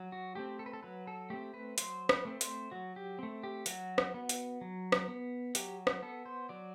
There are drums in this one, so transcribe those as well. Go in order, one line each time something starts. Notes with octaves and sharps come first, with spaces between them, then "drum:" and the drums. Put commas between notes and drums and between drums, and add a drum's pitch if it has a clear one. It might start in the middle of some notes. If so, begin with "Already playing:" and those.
Already playing: F#3
F#4
A3 C4 G4
A4
B4
A4
F#3 B4
A4
A3 C4 G4
B4
F#3 C5, drum: hi-hat
B4, drum: rim click
A3 C4
C5, drum: hi-hat
F#3 F#4
G4
A3 C4
G4
F#3 F#4, drum: hi-hat
drum: rim click
B3
drum: hi-hat
F#3
drum: rim click
B3
F#3 G4, drum: hi-hat
drum: rim click
B3 A4
C5
F#3 D5